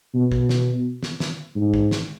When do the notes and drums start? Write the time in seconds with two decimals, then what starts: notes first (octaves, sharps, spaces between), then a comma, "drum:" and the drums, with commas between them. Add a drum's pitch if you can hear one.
0.14 B2
0.32 drum: kick
0.49 drum: snare
1.03 drum: snare
1.20 drum: snare
1.56 G#2
1.74 drum: kick
1.91 drum: snare